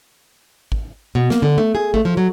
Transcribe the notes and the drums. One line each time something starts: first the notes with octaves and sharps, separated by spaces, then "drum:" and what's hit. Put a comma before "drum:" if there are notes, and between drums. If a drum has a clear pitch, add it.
drum: kick G#1
B2
A#3, drum: snare
D3
A3
G#4
A3, drum: kick G#1
F3
F#3